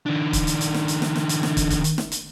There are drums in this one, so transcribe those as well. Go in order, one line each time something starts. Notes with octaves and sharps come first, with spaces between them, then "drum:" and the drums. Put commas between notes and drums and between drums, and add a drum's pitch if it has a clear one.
D#3 D4
drum: kick, hi-hat
drum: hi-hat
drum: hi-hat
drum: snare
drum: hi-hat
drum: snare
drum: snare
drum: hi-hat
drum: snare
drum: kick, hi-hat
drum: kick, hi-hat
drum: hi-hat
drum: snare
drum: hi-hat